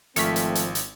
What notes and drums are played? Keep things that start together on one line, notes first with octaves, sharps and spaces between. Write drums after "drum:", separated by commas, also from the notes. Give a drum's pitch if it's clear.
G#1 F3 A3 C4 C#6 F6 B6, drum: hi-hat
drum: hi-hat
drum: hi-hat
drum: hi-hat